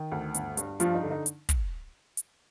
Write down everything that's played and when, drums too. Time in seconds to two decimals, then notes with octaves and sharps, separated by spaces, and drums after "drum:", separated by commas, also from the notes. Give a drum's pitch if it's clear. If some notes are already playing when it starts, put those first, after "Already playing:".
Already playing: D#3
0.12 D2
0.34 G1, drum: hi-hat
0.57 G2, drum: hi-hat
0.80 G2 F3 F4, drum: hi-hat
0.95 D#4
1.03 D3
1.11 D#4
1.26 drum: hi-hat
1.49 drum: kick, hi-hat
2.17 drum: hi-hat